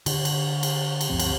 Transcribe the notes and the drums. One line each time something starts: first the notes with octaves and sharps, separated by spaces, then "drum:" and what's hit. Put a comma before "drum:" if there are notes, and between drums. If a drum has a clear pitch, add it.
D3, drum: cymbal
drum: cymbal
drum: cymbal
drum: cymbal
G1 D2 F3 C4
drum: cymbal